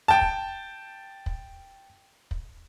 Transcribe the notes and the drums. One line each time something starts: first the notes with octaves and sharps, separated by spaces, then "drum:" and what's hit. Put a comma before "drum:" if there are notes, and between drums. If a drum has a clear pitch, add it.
G5 A5
drum: kick
drum: kick
drum: kick